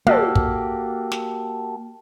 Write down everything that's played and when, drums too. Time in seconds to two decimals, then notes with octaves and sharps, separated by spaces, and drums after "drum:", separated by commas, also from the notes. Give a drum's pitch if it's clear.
0.07 A#3 F#4 G4 A4, drum: tom
0.35 drum: kick
1.12 drum: snare